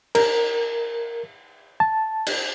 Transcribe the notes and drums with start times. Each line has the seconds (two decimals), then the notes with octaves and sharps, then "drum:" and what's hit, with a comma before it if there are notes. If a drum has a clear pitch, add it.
0.15 A#4, drum: cymbal
1.80 A5
2.27 drum: cymbal